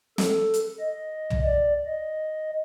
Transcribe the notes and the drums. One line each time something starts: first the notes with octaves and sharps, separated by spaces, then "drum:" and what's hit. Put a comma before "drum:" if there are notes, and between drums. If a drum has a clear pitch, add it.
A4, drum: snare
drum: hi-hat
D#5
drum: tom
D5
D#5